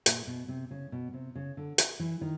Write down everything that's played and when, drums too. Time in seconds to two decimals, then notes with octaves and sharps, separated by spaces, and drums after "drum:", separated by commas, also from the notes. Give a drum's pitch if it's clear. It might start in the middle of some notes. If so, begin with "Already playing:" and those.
0.06 A#2, drum: hi-hat
0.27 B2
0.48 C3
0.71 C#3
0.92 B2
1.14 C3
1.35 C#3
1.57 D3
1.78 drum: hi-hat
2.00 E3
2.21 D#3